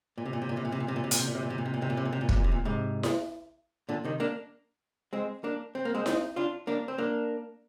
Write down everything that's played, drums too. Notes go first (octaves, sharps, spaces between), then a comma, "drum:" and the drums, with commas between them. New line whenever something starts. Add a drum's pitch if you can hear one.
A#2
C3
A#2
C3
A#2
C3
A#2
C3
A#2
C3
A#2
C3
A#2, drum: hi-hat
C3
A#2
C3
A#2
C3
A#2
C3
A#2
C3
A#2
C3
A#2
C3
A#2
C3, drum: kick
A#2
C3
A#2
G#2 C3
drum: snare E4
A#2 D3
C3 D#3
A#3 D4
G#3 C4
A#3 D4
C4
A#3
G#3 C4
C4 D#4, drum: snare E4
D4 F4
A#3 D4
C4
A#3 D4